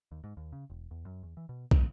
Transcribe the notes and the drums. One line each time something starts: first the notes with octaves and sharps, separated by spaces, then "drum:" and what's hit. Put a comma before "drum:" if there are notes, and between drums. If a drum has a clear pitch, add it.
D#2
G#2
D#2
C#3
E1
E2
F#2
E2
E3
B2
D#3, drum: kick